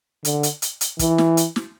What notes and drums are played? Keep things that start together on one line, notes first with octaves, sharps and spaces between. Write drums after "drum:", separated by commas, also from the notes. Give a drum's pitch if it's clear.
D3, drum: hi-hat
drum: hi-hat
drum: hi-hat
drum: hi-hat
E3, drum: kick, hi-hat
drum: snare
drum: hi-hat
drum: snare